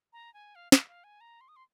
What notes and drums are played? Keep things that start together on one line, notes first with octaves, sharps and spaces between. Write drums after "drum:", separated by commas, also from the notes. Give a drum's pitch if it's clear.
A#5
G#5
F5
F5, drum: snare
F5
G#5
A#5
C6
D#6
C6